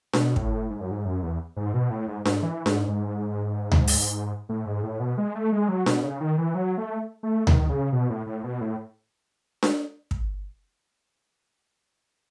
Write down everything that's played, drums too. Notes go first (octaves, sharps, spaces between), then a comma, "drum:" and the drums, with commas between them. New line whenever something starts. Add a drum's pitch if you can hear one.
B2, drum: snare D4
A2, drum: kick
G#2
F#2
G#2
F#2
E2
G#2
B2
A2
G#2
G#2, drum: snare D4
E3
G#2, drum: snare D4
G#2
drum: tom D2
drum: open hi-hat
A2
G#2
A2
B2
G#3
A3
G#3
F#3
B2, drum: snare D4
C#3
D#3
E3
F#3
A3
A3
D#3, drum: tom D2
C#3
B2
A2
A2
B2
A2
drum: snare D4
drum: kick